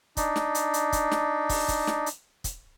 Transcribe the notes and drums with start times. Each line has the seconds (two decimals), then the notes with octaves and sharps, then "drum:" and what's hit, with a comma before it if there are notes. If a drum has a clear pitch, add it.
0.17 D4 D#4, drum: kick, hi-hat
0.36 drum: snare
0.55 drum: hi-hat
0.74 drum: hi-hat
0.93 drum: kick, hi-hat
1.11 drum: snare
1.49 drum: kick, open hi-hat
1.68 drum: kick, hi-hat
1.87 drum: snare
2.06 drum: hi-hat
2.44 drum: kick, hi-hat